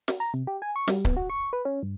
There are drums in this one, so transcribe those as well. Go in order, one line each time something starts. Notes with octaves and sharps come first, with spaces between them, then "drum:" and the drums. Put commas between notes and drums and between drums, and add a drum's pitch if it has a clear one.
drum: snare
A#5
C3
G4
G#5
C#6
G3, drum: snare
B3, drum: kick C#1
F#4
C#6
B4
C#4
G2